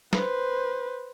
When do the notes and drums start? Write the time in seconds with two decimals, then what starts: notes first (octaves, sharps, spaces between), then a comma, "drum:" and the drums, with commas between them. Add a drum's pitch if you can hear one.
0.13 B4 C5, drum: snare